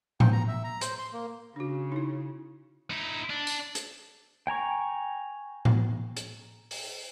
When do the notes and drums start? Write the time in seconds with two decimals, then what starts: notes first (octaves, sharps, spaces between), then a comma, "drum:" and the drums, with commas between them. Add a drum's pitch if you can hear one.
0.20 G5, drum: tom A2
0.33 A#5
0.48 E5
0.64 A#5
0.81 C5, drum: hi-hat
0.98 C6
1.13 A#3
1.56 C#3 D4 F#4
1.92 D#4 E4
2.90 D#4 E4
3.30 D4
3.47 drum: tambourine
3.75 drum: hi-hat
4.47 G5 G#5 A#5 C#6
5.65 drum: tom A2
6.17 drum: hi-hat
6.71 drum: open hi-hat